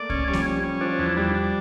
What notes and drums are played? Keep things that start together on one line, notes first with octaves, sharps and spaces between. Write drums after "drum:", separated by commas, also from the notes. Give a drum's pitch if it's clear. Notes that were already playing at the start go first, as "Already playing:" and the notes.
Already playing: A3 A#3 D5
C#4, drum: kick C2
G3 C#4
F3, drum: snare A#3
C#4
G3
C#4
F3 D4
E2
G3 D4
D4